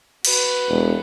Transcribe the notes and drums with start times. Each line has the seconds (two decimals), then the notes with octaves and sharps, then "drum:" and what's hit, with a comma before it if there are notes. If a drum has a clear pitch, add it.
0.25 F#4 B4, drum: cymbal
0.69 E1